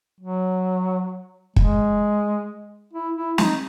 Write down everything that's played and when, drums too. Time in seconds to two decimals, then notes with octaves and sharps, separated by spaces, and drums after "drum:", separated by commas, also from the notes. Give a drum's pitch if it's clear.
0.20 F#3
1.56 G#3, drum: kick
2.93 E4
3.16 E4
3.38 D#4, drum: snare